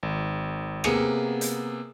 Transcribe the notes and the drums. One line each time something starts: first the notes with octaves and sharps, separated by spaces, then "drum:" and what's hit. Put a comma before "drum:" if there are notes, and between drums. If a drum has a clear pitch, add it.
G#1
C3 A#3 B3 G#4 C#7 D#7, drum: rim click
drum: hi-hat